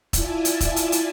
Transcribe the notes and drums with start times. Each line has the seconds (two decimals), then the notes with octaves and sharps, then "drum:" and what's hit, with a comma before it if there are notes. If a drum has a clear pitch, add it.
0.13 E4 F4 D5 E5 G#5 A5, drum: kick E1, hi-hat
0.45 drum: hi-hat
0.61 drum: kick E1, hi-hat
0.76 drum: hi-hat
0.92 drum: hi-hat